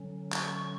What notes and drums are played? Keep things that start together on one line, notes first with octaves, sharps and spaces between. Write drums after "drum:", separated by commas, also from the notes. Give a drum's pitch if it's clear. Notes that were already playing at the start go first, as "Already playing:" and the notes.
Already playing: D3 F#3 C#4
C#6, drum: clap